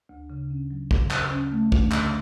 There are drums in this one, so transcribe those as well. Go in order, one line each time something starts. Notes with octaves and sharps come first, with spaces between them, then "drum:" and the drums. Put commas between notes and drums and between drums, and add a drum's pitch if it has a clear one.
D2
C#3
C#4
F#3
D2, drum: kick
C#3, drum: clap
C#4
A3
D2, drum: kick
D3, drum: clap